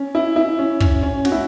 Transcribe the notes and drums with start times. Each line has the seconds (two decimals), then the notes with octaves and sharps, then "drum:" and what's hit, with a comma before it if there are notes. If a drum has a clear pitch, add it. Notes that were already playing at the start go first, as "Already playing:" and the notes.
Already playing: C#4
0.15 E4
0.36 E4
0.59 C#4
0.80 C#4, drum: kick
1.03 C#4
1.25 F#4, drum: snare
1.32 E4